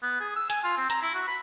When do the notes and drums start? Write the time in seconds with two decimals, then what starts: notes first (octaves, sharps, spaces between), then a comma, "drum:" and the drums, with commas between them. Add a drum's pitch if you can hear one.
0.02 B3
0.20 G#4
0.36 E6
0.50 G#5, drum: hi-hat
0.64 F4
0.77 C4
0.90 A#5, drum: hi-hat
1.02 E4
1.14 F#4
1.27 B5